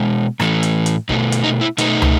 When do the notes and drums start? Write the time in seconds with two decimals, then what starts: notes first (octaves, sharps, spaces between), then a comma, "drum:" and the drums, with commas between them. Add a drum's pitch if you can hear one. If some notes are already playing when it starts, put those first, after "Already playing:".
Already playing: B2 G#3
0.40 A2 E3 A3, drum: rim click
0.63 drum: hi-hat
0.86 drum: hi-hat
1.09 B2 A3 D#4, drum: kick
1.32 drum: hi-hat
1.44 D#4
1.61 E4
1.78 B2 A3 D#4, drum: hi-hat
2.02 drum: tom